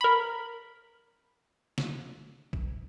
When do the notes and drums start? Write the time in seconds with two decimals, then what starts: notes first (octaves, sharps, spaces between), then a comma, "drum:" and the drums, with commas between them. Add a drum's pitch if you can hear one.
0.01 A#4 B5
1.78 drum: snare
2.53 drum: kick